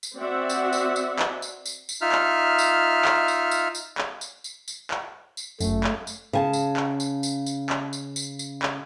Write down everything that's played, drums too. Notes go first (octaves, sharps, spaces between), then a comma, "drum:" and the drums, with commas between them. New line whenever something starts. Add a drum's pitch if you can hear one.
drum: tambourine
C4 F#4 D5 E5 F#5
drum: tambourine
drum: tambourine
drum: tambourine
drum: clap
drum: tambourine
drum: tambourine
drum: tambourine
D#4 F4 E5 F6
drum: clap
drum: tambourine
drum: clap
drum: tambourine
drum: tambourine
drum: tambourine
drum: clap
drum: tambourine
drum: tambourine
drum: tambourine
drum: clap
drum: tambourine
G1 F#2 A3, drum: tambourine
drum: clap
drum: tambourine
C#3 G#5 A5
drum: tambourine
drum: clap
drum: tambourine
drum: tambourine
drum: tambourine
drum: clap
drum: tambourine
drum: tambourine
drum: tambourine
drum: clap